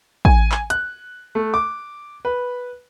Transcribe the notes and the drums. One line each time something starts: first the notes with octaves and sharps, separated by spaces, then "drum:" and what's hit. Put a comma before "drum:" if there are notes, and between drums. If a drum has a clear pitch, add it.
G#5, drum: kick
drum: clap
F#6, drum: hi-hat
A3
D6
B4